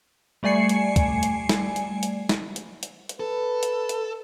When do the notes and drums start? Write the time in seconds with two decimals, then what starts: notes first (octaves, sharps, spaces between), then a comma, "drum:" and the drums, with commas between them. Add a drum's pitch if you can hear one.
0.43 G3 A3 D5 G#5 C7 C#7
0.69 drum: hi-hat
0.96 drum: kick, hi-hat
1.23 drum: hi-hat
1.49 drum: snare
1.76 drum: hi-hat
2.03 drum: hi-hat
2.29 drum: snare
2.56 drum: hi-hat
2.83 drum: hi-hat
3.09 drum: hi-hat
3.20 A4 B4
3.63 drum: hi-hat
3.89 drum: hi-hat